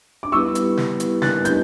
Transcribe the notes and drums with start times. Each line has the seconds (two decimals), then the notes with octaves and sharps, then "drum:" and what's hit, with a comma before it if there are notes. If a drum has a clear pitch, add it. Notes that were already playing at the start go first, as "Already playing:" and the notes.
0.23 D6
0.32 G3 B3 E4 G4 B4 C#6 E6
0.55 drum: hi-hat
0.77 drum: snare
1.00 drum: hi-hat
1.22 G3 B3 E4 G4 B4 F#6 A6, drum: snare
1.45 G6, drum: hi-hat